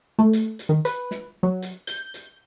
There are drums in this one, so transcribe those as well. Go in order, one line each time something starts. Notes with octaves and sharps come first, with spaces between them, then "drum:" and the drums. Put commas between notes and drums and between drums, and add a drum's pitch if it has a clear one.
A3
drum: hi-hat
drum: hi-hat
D#3
B4, drum: hi-hat
drum: snare
F#3
drum: hi-hat
G6, drum: hi-hat
drum: hi-hat